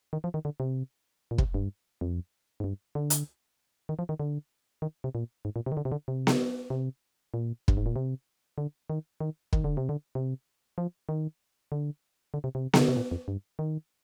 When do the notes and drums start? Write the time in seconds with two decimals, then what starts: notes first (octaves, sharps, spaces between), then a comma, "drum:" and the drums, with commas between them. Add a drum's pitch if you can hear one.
0.13 D#3
0.24 F3
0.34 D#3
0.45 D3
0.60 C3
1.31 A#2
1.38 C3, drum: kick
1.54 G2
2.01 F2
2.60 G#2
2.64 G2
2.95 D3
3.10 drum: hi-hat
3.89 D#3
3.99 F3
4.09 D#3
4.20 D3
4.82 D#3
5.04 C3
5.15 A#2
5.45 G#2
5.56 A#2
5.66 C3
5.72 D#3
5.77 D3
5.85 C3
5.92 D3
6.08 C3
6.27 drum: snare B3
6.70 C3
7.34 A#2
7.68 G2, drum: kick
7.77 G#2
7.86 A#2
7.96 C3
8.58 D3
8.90 D#3
9.20 D#3
9.53 D#3, drum: kick
9.64 D3
9.77 C3
9.89 D3
10.15 C3
10.78 F3
11.09 D#3
11.72 D3
12.34 D3
12.44 C3
12.55 C3
12.73 D#3, drum: snare B3
12.81 D3
12.89 C3
12.96 A#2
13.11 F2
13.28 G2
13.59 D#3